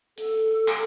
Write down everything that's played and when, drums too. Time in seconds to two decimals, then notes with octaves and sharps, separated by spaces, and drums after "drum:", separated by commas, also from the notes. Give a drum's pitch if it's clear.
0.18 A4, drum: hi-hat
0.68 drum: clap